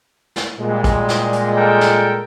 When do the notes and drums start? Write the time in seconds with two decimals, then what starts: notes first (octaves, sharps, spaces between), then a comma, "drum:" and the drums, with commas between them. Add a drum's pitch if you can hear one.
0.36 drum: snare
0.58 A#2 G3 G#3
0.84 drum: kick, hi-hat
1.08 drum: snare
1.33 drum: hi-hat
1.57 A4 A#4 G5
1.81 drum: snare